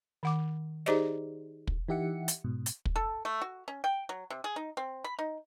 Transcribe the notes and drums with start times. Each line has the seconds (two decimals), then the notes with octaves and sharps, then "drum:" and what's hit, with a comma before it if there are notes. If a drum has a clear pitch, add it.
0.23 D#3 F#5 D6
0.86 D#4 G4 G#4 C5 D5 D#5, drum: snare
1.67 drum: kick
1.89 E3 D#4 G4 E5 F#5 C#7
2.28 drum: hi-hat
2.44 G#2 B2
2.66 drum: hi-hat
2.85 drum: kick
2.96 A4
3.25 A3
3.42 F#4
3.68 C#4
3.84 G5
4.09 F#3
4.30 C3
4.44 G#4
4.56 D#4
4.77 C4
5.04 B5
5.19 D#4